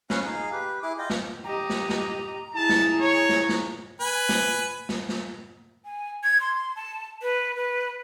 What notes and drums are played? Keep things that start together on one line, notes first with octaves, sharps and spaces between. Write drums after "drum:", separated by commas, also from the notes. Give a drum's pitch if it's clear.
C#4 B4 F5, drum: snare
D#4 G#4 F5
G4 B4
E4 G#4 D6
F4 D#5 G5 D6
drum: snare
G4 D#5 A#5
drum: snare
drum: snare
E4 G#4 A5
drum: snare
C#5
drum: snare
drum: snare
B4 G#5
drum: snare
drum: snare
drum: snare
G#5
G#6
C6
A5
B4
B4